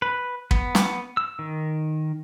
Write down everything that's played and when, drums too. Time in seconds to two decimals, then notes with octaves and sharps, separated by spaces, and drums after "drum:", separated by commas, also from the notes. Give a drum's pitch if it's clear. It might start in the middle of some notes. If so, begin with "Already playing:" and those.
0.02 B4
0.51 B3, drum: kick
0.75 drum: snare
1.17 E6
1.39 D#3